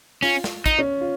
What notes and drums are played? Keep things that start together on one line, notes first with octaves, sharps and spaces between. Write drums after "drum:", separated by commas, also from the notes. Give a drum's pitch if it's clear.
C#4 F4, drum: open hi-hat
drum: snare
D#4, drum: kick, hi-hat
C#4
F4